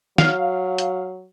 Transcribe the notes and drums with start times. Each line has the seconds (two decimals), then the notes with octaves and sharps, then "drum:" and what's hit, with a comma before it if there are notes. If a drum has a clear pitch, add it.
0.18 F#3 F5, drum: snare
0.78 drum: hi-hat